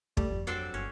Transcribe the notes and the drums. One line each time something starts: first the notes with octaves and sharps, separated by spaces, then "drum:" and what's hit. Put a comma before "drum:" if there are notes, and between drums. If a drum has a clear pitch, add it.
G3 A3, drum: kick
F2
F#3 C4 D4 A4
G1 C#4